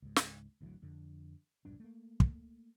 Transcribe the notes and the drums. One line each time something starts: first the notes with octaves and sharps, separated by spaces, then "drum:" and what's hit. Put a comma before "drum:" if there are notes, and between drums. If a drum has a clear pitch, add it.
C#2 G#2
drum: snare
G#1 D2 E3 F#3
F2 D3
E1 A#1 G2 D4
A3 A#3
drum: kick